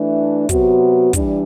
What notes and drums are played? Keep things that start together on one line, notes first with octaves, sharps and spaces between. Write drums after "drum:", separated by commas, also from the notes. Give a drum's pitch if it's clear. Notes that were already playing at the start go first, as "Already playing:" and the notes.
Already playing: E3 A3 D4
C3 F#3 B3 F#4, drum: kick, hi-hat
E3 G3 D4, drum: kick, hi-hat